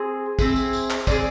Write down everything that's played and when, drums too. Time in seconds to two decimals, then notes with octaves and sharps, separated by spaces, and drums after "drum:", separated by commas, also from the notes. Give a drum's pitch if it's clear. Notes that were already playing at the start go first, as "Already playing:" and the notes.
Already playing: C4 G#4
0.39 C4 E4 G#4, drum: kick, tambourine
0.56 drum: tambourine
0.73 drum: tambourine
0.90 drum: clap
1.07 C4 E4 G#4 D5, drum: kick, tambourine